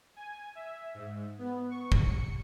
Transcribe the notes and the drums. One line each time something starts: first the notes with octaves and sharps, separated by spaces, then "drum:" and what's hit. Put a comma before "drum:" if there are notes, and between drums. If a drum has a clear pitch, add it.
G#5
E5
G#2
B3
C#6
drum: kick
C#7